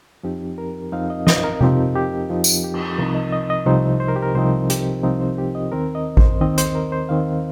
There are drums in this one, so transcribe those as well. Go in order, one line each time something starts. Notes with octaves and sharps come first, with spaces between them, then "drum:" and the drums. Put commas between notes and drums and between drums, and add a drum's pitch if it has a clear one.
F2 F3 C4 D#4 G4
A#4
F2 F3 C4 D#4 F5
D#5
D#5, drum: snare
A#4
F2 F3 C4 D#4 G4, drum: tom C3
G4
F2 F3 C4 D#4 F4
drum: tambourine
G4
drum: cymbal
C2 C3 F3 C4 D#4 A#4
D#5
D#5
D#5
C2 C3 F3 C4 D#4 C5
C5
A#4
G4
A#4
C2 C3 F3 C4 D#4 C5
G4, drum: hi-hat
C2 C3 F3 C4 D#4 F4
C5
G4
D#5
D#2 D#3 C4 A#4
D#5
C5, drum: kick A1
D#2 D#3 C4 D#5
C5, drum: hi-hat
A#4
C5
D#2 D#3 C4 F5